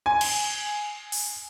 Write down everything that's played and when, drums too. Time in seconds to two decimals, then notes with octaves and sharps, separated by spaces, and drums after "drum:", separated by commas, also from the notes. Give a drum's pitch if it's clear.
0.06 G#5
0.21 drum: cymbal
1.12 drum: open hi-hat